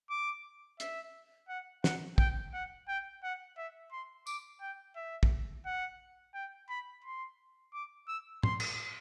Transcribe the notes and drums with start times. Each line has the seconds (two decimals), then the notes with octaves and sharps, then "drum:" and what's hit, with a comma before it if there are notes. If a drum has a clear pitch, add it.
0.10 D6
0.80 E5, drum: hi-hat
1.49 F#5
1.84 F#5, drum: snare
2.18 G5, drum: kick
2.54 F#5
2.88 G5
3.23 F#5
3.57 E5
3.92 C6
4.27 D6, drum: tambourine
4.61 G5
4.96 E5
5.23 drum: kick
5.66 F#5
6.34 G5
6.69 B5
7.04 C6
7.73 D6
8.08 E6
8.43 C6, drum: tom
8.60 drum: cymbal